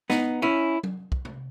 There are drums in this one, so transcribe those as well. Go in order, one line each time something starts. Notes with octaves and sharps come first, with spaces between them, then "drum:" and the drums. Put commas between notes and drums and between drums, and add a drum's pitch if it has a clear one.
B3 D#4, drum: snare
C#4 E4
drum: tom F#3
drum: kick
drum: tom C3